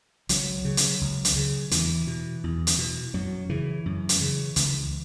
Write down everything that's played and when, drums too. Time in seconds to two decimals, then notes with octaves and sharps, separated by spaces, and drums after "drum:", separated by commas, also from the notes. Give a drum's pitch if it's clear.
0.29 C#2 F#3, drum: hi-hat
0.65 C#3
0.77 drum: hi-hat
1.01 C#2
1.25 drum: hi-hat
1.36 C#3
1.71 E2 E3, drum: hi-hat
2.07 B2
2.44 E2
2.67 drum: hi-hat
2.78 B2
3.14 F#2 F#3
3.49 C#3 E3
3.86 F#2
4.09 drum: hi-hat
4.21 C#3
4.56 C#2, drum: hi-hat